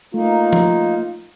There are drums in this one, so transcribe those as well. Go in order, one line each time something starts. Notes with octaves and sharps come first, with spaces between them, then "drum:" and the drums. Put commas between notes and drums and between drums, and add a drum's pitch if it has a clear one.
A3 A#3 D#4 F4
drum: tom F3